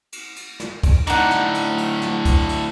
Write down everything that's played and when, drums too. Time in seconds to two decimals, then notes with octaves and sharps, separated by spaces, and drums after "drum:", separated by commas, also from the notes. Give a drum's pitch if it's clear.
0.13 drum: cymbal
0.36 drum: cymbal
0.60 drum: snare
0.83 drum: kick, cymbal
1.07 A2 D3 D#4 F#5, drum: cymbal
1.31 drum: snare
1.54 drum: cymbal
1.78 drum: cymbal
2.02 drum: snare
2.25 drum: kick, cymbal
2.49 drum: cymbal